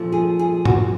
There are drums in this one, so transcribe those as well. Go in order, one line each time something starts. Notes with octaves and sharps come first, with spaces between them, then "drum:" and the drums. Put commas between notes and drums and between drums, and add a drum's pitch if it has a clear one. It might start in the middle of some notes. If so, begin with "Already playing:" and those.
Already playing: A#2 F3 A3
G#4
G#4
F#4, drum: tom G#2